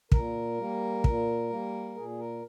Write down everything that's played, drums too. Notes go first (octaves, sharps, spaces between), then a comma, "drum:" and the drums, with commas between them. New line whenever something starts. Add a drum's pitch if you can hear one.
A#2 A#4, drum: kick
G3 A#3
A#2, drum: kick
G3 A#3
A#2 G#4
A#4